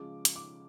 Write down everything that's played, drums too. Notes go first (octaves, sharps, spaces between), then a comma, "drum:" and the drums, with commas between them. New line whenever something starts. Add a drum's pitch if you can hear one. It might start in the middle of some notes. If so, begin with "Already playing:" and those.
Already playing: C#3 F3 G#3 D6
drum: hi-hat
D6